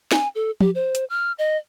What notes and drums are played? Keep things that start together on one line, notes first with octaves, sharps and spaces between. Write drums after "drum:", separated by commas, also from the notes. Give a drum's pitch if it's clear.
G#5, drum: snare
A4
G4, drum: tom F3
C5
drum: hi-hat
F6
D#5